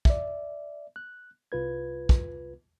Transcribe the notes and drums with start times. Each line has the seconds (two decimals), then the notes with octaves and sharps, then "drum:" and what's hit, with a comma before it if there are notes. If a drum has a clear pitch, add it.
0.05 D5 E5, drum: kick
0.96 F#6
1.52 C2 F4 B4 G#6
2.09 drum: kick